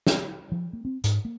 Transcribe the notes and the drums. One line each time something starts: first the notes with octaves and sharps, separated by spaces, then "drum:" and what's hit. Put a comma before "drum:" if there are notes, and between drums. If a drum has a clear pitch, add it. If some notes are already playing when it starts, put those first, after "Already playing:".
drum: snare
F3
A#3
C4
G#2, drum: hi-hat
A#3